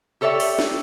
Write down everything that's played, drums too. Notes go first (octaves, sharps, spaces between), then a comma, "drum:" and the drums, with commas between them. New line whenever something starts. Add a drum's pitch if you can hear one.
G4 A4 C#5 D5 E5 G5
drum: open hi-hat
drum: snare